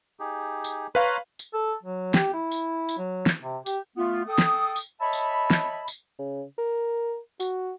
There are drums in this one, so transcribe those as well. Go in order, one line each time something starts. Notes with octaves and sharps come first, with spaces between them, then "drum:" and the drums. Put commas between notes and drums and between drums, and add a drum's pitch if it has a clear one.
D#4 G4 G#4
drum: tambourine
B4 C#5 F5 A#5 C6
drum: tambourine
A4
F#3
G4, drum: snare
E4
drum: tambourine
drum: tambourine
F#3
drum: snare
C3
G4, drum: tambourine
A3 B3 F4
A4 G5 D#6
drum: snare
drum: tambourine
C#5 D#5 E5 A5 B5
drum: tambourine
drum: snare
drum: tambourine
C#3
A#4
F#4, drum: tambourine